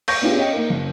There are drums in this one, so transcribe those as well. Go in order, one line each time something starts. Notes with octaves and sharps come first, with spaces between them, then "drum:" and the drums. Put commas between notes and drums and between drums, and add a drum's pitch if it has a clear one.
C#6 G6 A#6, drum: cymbal
B3 C#4 D4 F4 G4 G#4
C#4 D#5 G5
A#3 D#4 A#4
F#1